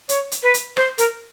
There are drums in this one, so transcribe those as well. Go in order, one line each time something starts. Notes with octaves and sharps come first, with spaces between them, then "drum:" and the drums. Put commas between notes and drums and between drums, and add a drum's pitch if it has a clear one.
C#5, drum: hi-hat
drum: hi-hat
B4
drum: hi-hat
C5, drum: rim click
A#4, drum: hi-hat